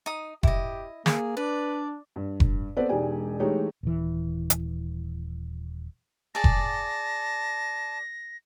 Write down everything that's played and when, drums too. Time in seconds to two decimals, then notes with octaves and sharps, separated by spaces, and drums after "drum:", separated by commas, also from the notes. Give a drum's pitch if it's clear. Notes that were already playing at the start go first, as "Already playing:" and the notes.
0.06 D#4 D#6
0.43 E4 G4 D#5, drum: kick F1
1.06 A#3 G#4, drum: snare
1.37 D4 B4 D5
2.16 G2
2.40 drum: kick F1
2.76 B3 C4 A4 B4 C5 D5
2.89 E1 G#3 D#4 G4 D5 G#5
3.40 E3 G#3 A3 D#4 G4 C#5
3.83 D#1 E3
4.50 drum: hi-hat
6.35 G#4 D5 A5 A#6
6.44 drum: kick F1